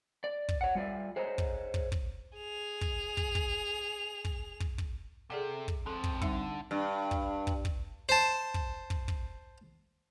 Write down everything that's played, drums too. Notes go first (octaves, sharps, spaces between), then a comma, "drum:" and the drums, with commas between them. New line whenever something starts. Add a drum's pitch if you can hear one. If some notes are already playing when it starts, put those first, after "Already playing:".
D5
drum: kick
C#5 F#5
G3 F4 D5 E5
G#4 C5 C#5 D#5 A5 A#5
drum: kick
drum: kick
drum: kick
G#4 F7
drum: kick
drum: kick
drum: kick
drum: kick
drum: kick
drum: kick
C3 G#4 A4 D5 F#5
drum: kick
G#2 F3 C4 A4
drum: kick
D3 G3 D#4 E5, drum: kick
G2
drum: kick
drum: kick
drum: kick
C5 A5
drum: kick
drum: kick
drum: kick